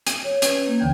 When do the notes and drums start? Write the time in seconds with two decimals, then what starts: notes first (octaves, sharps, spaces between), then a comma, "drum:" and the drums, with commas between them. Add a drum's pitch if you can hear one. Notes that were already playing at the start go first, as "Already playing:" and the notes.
0.07 drum: hi-hat
0.24 C#5
0.42 C#4 B4 G#6, drum: hi-hat
0.66 A#3
0.79 D2 D3 E3 G5 G6 G#6